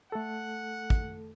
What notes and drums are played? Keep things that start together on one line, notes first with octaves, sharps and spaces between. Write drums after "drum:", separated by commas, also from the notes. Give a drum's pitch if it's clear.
A3 A4 F#5
drum: kick